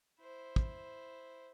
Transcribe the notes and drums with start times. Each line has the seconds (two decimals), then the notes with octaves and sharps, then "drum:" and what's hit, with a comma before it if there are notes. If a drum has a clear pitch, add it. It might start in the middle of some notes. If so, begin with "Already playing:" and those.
0.20 E4 C5
0.56 drum: kick